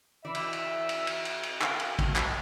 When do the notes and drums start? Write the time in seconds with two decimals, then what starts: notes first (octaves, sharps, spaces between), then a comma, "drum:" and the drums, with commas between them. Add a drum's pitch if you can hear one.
0.25 E3 D5 E5
0.35 drum: cymbal
0.53 drum: cymbal
0.89 drum: cymbal
1.07 drum: cymbal
1.25 drum: cymbal
1.43 drum: cymbal
1.61 A#4 F5 G5 G#5, drum: clap
1.80 drum: cymbal
1.99 A3, drum: kick, cymbal
2.16 drum: clap